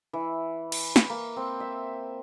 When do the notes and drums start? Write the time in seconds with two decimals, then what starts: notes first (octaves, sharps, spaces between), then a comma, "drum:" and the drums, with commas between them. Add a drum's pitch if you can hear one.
0.13 E3
0.72 drum: cymbal
0.96 drum: snare
1.10 A#3
1.36 C4
1.60 E5